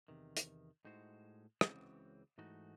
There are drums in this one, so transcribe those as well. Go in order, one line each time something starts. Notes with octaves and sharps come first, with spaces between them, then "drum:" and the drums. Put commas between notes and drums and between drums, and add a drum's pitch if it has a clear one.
E2 C3 D#3
drum: hi-hat
A2 G#3 D#4 F#4 C5
C#2 C#3 E3 C4 F#4, drum: rim click
G#2 E3 A3 D#4 F#4